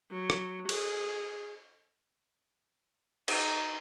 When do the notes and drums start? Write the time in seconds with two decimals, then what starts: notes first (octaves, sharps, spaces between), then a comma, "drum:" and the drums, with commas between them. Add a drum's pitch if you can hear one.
0.11 F#3
0.30 drum: rim click
0.69 G#4, drum: cymbal
3.28 D#4, drum: cymbal